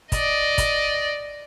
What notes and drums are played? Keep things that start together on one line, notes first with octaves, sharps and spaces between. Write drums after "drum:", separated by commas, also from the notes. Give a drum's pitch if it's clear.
D5 D#5, drum: kick, hi-hat
drum: kick, hi-hat